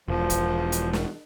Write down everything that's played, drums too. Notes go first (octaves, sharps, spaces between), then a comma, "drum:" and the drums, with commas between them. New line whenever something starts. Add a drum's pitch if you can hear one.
E1 F3
drum: kick, hi-hat
drum: hi-hat
drum: snare